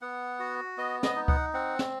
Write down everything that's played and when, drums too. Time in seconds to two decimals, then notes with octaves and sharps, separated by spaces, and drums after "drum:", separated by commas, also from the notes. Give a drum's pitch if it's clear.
0.02 B3 F#5
0.40 F#4
0.77 B3 D#5
1.03 D#5, drum: snare
1.16 D#4
1.28 F#5, drum: kick C#2
1.53 C4 F#5
1.79 drum: snare